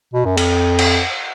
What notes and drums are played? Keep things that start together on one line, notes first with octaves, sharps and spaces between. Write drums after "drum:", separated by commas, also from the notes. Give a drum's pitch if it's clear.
B2
F#2
F2, drum: cymbal
drum: cymbal